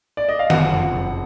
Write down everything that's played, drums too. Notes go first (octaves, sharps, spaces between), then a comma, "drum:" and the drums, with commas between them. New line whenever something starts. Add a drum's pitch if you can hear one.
D5
D#5
F5
F#1 F#5, drum: tom D#3
F2 F3
F#1